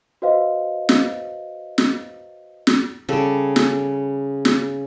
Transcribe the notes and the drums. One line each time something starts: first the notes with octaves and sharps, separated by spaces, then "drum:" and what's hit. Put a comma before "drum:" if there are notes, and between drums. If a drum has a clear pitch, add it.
F#4 B4 C5 D#5 F5
drum: snare
drum: snare
drum: snare
C#3 G3 A4
drum: snare
drum: snare